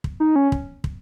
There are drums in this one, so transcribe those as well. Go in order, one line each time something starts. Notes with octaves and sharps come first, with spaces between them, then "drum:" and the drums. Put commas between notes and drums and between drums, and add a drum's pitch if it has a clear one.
drum: kick
D#4
C#4
drum: kick
drum: kick